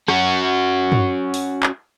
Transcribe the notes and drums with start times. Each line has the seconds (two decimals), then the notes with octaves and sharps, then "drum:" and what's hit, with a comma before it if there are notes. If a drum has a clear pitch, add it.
0.08 C#4 F#4, drum: rim click
0.92 drum: tom
1.34 drum: open hi-hat
1.63 drum: clap